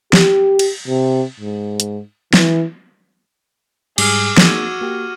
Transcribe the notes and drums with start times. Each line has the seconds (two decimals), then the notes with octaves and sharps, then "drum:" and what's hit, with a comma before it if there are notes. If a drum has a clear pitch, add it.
0.13 G4, drum: snare
0.59 drum: cymbal
0.88 C3
1.40 G#2
1.80 drum: hi-hat
2.33 E3, drum: snare
3.98 G#2 G3 G#4 D6 F6, drum: cymbal
4.37 A#3 D#4 F#4 G#4 E6 G#6 D#7, drum: snare
4.81 A#3 G4